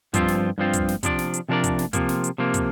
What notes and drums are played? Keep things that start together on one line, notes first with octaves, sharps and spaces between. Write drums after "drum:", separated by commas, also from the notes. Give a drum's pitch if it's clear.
G2 F3 C4 F4, drum: kick, hi-hat
drum: snare
G2 F3 C4 F4
drum: kick, hi-hat
drum: snare
C3 F3 D4 A#4 D5, drum: kick, hi-hat
drum: snare
drum: hi-hat
C3 F3 D4 A#4 D5
drum: kick, hi-hat
drum: snare
C3 F3 A#3, drum: kick, hi-hat
drum: snare
drum: hi-hat
C3 F3 A#3
drum: kick, hi-hat